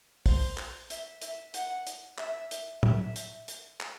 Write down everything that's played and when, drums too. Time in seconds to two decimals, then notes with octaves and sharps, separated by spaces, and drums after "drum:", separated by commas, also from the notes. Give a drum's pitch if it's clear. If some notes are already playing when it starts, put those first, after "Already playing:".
0.26 C5, drum: kick, open hi-hat
0.57 drum: clap
0.90 E5, drum: hi-hat
1.22 E5, drum: hi-hat
1.54 F#5, drum: hi-hat
1.87 drum: hi-hat
2.18 E5, drum: clap
2.51 drum: hi-hat
2.83 E5, drum: tom A2
3.16 drum: hi-hat
3.48 drum: hi-hat
3.80 drum: clap